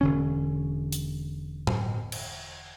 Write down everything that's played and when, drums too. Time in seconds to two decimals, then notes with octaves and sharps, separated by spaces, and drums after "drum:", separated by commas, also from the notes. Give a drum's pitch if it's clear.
0.01 E1 D3 C#4
0.92 drum: hi-hat
1.67 drum: tom A2
2.12 drum: cymbal